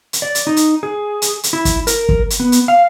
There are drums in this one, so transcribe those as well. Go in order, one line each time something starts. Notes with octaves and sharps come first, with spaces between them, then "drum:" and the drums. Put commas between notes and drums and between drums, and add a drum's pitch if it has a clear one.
drum: hi-hat
D5
drum: hi-hat
D#4
drum: hi-hat
G#4
drum: hi-hat
drum: hi-hat
E4
drum: kick, hi-hat
A#4, drum: hi-hat
drum: kick
drum: hi-hat
B3
drum: hi-hat
F5